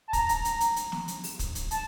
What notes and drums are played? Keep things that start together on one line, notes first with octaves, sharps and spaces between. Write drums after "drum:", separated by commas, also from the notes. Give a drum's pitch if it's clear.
A5
A#5, drum: kick, hi-hat
drum: hi-hat
drum: hi-hat
drum: hi-hat
drum: hi-hat
drum: snare
drum: hi-hat
drum: open hi-hat
drum: kick, hi-hat
drum: hi-hat
A5, drum: hi-hat